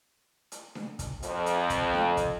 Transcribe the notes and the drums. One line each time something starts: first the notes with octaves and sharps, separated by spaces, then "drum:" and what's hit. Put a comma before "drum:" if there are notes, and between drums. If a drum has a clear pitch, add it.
drum: hi-hat
drum: snare D4
drum: kick, hi-hat
F2, drum: hi-hat
drum: hi-hat
drum: kick, hi-hat
drum: snare D4
drum: kick, hi-hat